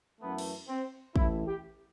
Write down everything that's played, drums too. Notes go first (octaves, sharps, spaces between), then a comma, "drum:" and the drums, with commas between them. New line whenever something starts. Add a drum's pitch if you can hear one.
F#2 E3 A3 B3
drum: cymbal
C4
A1 A2 E3 E4, drum: kick
G4